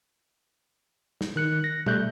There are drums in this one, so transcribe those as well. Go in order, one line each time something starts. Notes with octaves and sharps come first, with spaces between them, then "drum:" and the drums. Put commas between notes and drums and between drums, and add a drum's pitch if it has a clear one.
drum: snare
D#3 F#6 C#7
A#6
G3 A3 F#6 G6, drum: tom B2